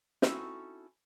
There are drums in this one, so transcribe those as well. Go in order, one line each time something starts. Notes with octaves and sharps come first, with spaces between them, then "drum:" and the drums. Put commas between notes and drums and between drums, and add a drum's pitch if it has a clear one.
C4 C#4 D#4 E4 F#4 A4, drum: snare